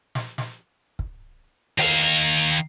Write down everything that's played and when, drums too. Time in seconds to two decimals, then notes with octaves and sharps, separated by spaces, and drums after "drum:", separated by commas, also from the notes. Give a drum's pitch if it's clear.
0.15 drum: snare
0.38 drum: snare
0.99 drum: kick
1.78 D#3 F5, drum: open hi-hat